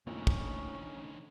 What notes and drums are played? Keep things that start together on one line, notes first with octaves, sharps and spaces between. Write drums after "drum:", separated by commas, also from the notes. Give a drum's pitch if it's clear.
B1 F2 A2 D3 A#3 C#4 D#4
drum: kick